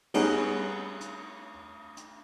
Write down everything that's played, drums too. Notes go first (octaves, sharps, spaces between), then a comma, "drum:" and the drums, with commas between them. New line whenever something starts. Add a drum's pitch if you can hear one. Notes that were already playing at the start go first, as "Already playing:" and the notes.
G3 B3 C#4 D#4 G#4, drum: cymbal
drum: hi-hat
drum: hi-hat